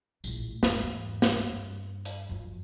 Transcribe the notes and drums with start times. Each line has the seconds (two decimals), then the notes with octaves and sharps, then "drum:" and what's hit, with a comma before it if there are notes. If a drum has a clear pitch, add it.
0.24 A#1 A2, drum: tambourine
0.63 E2 G#2, drum: snare
1.22 drum: snare
1.32 G2
2.05 drum: hi-hat
2.29 F#2 F3